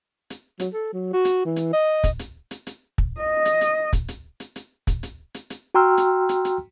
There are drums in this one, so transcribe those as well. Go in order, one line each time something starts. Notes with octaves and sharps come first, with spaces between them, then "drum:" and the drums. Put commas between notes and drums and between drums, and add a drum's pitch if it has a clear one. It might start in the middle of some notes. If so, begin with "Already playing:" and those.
drum: hi-hat
F#3, drum: hi-hat
A4
F#3
F#4
drum: hi-hat
E3
drum: hi-hat
D#5
drum: kick, hi-hat
drum: hi-hat
drum: hi-hat
drum: hi-hat
drum: kick
D#5
drum: hi-hat
drum: hi-hat
drum: kick, hi-hat
drum: hi-hat
drum: hi-hat
drum: hi-hat
drum: kick, hi-hat
drum: hi-hat
drum: hi-hat
drum: hi-hat
F#4 G5 A#5 C6 E6 F6
drum: hi-hat
drum: hi-hat
drum: hi-hat